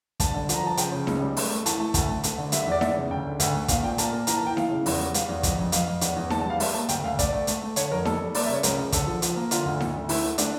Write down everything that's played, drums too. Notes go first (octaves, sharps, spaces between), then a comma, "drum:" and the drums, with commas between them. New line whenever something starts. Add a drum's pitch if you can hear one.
G2 A5, drum: kick, hi-hat
D3
F3, drum: hi-hat
A#5
F3 A5
C#3 G5, drum: hi-hat
C#3
C#2, drum: snare D#4
G3
A3, drum: open hi-hat
A3
E3 A5, drum: hi-hat
A3 A5
D2 A5, drum: kick, hi-hat
D2
A3, drum: hi-hat
D3
G3 E5, drum: hi-hat
E5
E2 D5
E2 E5, drum: snare D#4
C#3
D2 G5
D3
D2, drum: hi-hat
A3
A#2 F5, drum: kick, hi-hat
A#2 G5
A#3 A5, drum: hi-hat
A#3
E3 A#5, drum: hi-hat
A5
E3
G5
E3 F5, drum: snare D#4
C#3
E2, drum: open hi-hat
G3
G3 F5, drum: hi-hat
E2
F2, drum: kick, hi-hat
F2
F2 F5, drum: hi-hat
F2
E2, drum: hi-hat
E2
E2 A5, drum: snare D#4
A5
G3 F5
G3 E5, drum: open hi-hat
A#3 A5
D2 G5, drum: hi-hat
D2 F5
A3 D5, drum: kick, hi-hat
A3
A3, drum: hi-hat
A3
D3 C#5, drum: hi-hat
F2 A#4
G3 A4, drum: snare D#4
G3
A#3 D5, drum: open hi-hat
E5
C#3 C#5
C#2 A#4, drum: hi-hat
C#3
D3 A4, drum: kick, hi-hat
F3
F3, drum: hi-hat
A#3
D3 F4, drum: hi-hat
D2
D2, drum: snare D#4
D2
A3 E4, drum: open hi-hat
A3
A3 D4, drum: hi-hat